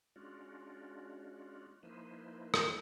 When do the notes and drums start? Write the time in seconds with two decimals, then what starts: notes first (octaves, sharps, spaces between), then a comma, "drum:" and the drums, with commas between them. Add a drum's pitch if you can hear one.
0.16 G#3 C#4 D4 F4 F#4
1.83 F3 A#3 D#4 E4 B4 C5
2.54 drum: rim click